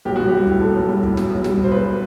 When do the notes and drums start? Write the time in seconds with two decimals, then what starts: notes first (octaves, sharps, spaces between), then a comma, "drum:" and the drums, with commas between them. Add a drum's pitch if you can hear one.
0.05 B1 G4
0.16 B1 F#4
0.28 G4
0.33 G3
0.47 A2, drum: kick
0.61 B1 A4
0.75 B1
0.89 G3
1.03 A2, drum: kick
1.17 B1, drum: snare
1.30 B1
1.44 G3, drum: snare
1.58 B2, drum: kick
1.64 C5
1.72 B1 B4